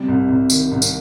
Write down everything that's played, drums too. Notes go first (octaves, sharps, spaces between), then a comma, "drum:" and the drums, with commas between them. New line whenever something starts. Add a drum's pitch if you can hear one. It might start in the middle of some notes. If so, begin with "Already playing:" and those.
Already playing: C3 G3
C2
C2
D#3, drum: tambourine
C2
drum: tambourine